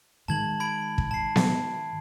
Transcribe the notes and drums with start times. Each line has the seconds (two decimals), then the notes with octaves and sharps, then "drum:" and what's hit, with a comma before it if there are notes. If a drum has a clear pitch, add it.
0.28 G#2 D#3 G#3 A5 G#6 F#7
0.60 B5 G#6 D7
0.98 drum: kick
1.11 A5 C7
1.36 drum: snare B3